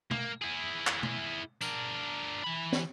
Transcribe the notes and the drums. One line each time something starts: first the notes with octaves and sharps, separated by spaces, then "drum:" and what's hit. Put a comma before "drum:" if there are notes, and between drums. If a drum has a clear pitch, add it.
A#3, drum: tom B2
E4 G#4
drum: clap
drum: tom B2
D4 A#4, drum: tambourine
E3 B5
drum: snare